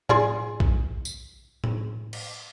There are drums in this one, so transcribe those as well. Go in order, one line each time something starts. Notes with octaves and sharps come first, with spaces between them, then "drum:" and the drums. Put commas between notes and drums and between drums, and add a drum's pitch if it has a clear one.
F4 G#4 D5, drum: tom A2
drum: kick A#1
drum: tambourine
drum: tom A2
drum: cymbal